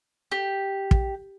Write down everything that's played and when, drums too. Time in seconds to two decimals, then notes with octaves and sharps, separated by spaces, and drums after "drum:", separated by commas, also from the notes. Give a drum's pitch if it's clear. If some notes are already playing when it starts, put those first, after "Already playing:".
0.32 G4
0.91 drum: kick